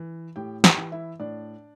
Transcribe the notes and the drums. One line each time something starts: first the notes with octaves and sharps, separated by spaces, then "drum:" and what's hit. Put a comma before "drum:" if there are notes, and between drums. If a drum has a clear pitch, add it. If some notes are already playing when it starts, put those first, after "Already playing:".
Already playing: E3
A2 G4 G5
G4 G5, drum: snare
E3
E4 E5
A2 D4 D5